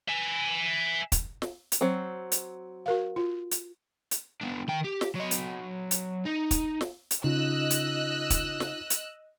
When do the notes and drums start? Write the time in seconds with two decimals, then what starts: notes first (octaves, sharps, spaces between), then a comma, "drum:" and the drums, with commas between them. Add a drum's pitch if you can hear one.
0.08 E5 G#5
1.12 drum: kick, hi-hat
1.42 drum: snare
1.72 drum: hi-hat
1.81 F#3 C4
2.32 drum: hi-hat
2.86 F#4 A#4 F5
3.16 F4
3.51 drum: hi-hat
4.11 drum: hi-hat
4.41 B3 D4
4.68 D#3 G5
4.84 G4
5.01 drum: snare
5.15 F#3 D#5
5.31 drum: hi-hat
5.91 drum: hi-hat
6.26 D#4
6.51 drum: kick, hi-hat
6.81 drum: snare
7.11 drum: hi-hat
7.24 C#3 D#4 F4 D#5 E6 F#6
7.70 drum: hi-hat
8.30 drum: kick, hi-hat
8.60 drum: snare
8.90 drum: hi-hat